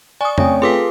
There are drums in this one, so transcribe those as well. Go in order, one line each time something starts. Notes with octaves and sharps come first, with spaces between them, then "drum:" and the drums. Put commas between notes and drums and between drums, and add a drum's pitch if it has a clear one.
D5 G#5 C#6 D#6
A3 C4 C#4 G5, drum: tom
F4 G#4 A4 B4 F5 C6 D6 B6